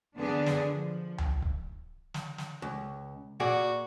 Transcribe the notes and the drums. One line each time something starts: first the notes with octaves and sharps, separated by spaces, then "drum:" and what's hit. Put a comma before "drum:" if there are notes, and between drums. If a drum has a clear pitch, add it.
D3 B3 D4 G#4
drum: snare
F3
drum: tom C#2
drum: kick C#1
drum: snare
drum: snare
C#2
A#2 F#4 G#4 D5